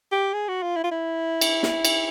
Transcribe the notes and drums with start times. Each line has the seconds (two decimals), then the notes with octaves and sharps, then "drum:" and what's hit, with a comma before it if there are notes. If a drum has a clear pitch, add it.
0.12 G4
0.33 G#4
0.48 F#4
0.62 F4
0.76 E4
0.84 F4
0.91 E4
1.41 drum: cymbal
1.63 drum: snare
1.85 drum: cymbal